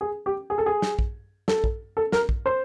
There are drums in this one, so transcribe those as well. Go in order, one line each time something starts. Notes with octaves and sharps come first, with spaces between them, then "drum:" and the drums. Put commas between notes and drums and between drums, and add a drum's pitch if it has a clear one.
G#4
G4
G#4
A4
G#4
drum: snare
drum: kick
A4, drum: snare
drum: kick
A4
A#4, drum: snare
drum: kick
C5